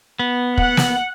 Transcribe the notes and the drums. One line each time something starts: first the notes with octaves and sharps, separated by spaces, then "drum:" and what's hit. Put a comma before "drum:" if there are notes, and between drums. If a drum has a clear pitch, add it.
B3
F#5, drum: kick
drum: snare